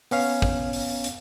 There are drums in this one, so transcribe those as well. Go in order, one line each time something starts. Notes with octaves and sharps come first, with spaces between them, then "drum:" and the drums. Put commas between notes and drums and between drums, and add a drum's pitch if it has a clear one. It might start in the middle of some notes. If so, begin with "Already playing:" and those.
B3 C#4 F5, drum: open hi-hat
drum: kick
drum: open hi-hat
drum: hi-hat